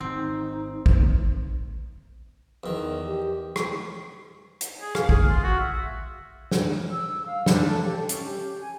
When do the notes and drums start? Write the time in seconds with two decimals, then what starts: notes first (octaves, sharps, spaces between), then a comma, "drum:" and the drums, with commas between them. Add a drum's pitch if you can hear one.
0.01 G#1 D#3 C4 D#4
0.86 drum: kick
2.64 E2 D#3
3.06 G4
3.56 drum: rim click
4.61 drum: hi-hat
4.81 G#4
4.95 F5, drum: rim click
5.09 G#4, drum: kick
5.29 F4
5.43 F#4
5.60 E5
6.51 drum: snare
6.91 E6
7.26 F5
7.46 D4, drum: snare
7.67 A4
7.81 G4
7.96 A4
8.09 C#4, drum: hi-hat
8.23 G4
8.61 G#5